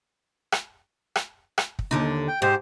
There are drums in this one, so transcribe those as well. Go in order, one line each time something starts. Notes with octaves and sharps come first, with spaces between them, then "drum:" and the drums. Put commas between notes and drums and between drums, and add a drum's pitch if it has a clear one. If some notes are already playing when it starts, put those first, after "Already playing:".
drum: rim click
drum: rim click
drum: rim click
drum: kick
D#2 D3 D#4
G5
G#2 G4 C5